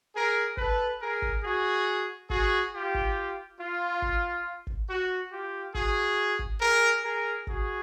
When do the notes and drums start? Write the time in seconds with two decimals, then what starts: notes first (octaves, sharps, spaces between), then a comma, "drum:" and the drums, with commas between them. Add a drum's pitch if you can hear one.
0.14 G#4 A#4
0.57 A4 B4, drum: kick G1
1.01 G#4 A#4
1.22 drum: kick G1
1.43 F#4 G#4
2.30 F#4 G#4, drum: kick G1
2.72 F4 G4
2.94 drum: kick G1
3.59 F4
4.02 drum: kick G1
4.67 drum: kick G1
4.89 F#4
5.31 F4 G4
5.75 F#4 G#4, drum: kick G1
6.39 drum: kick G1
6.60 G#4 A#4
7.03 G#4 A#4
7.47 F#4 G#4, drum: kick G1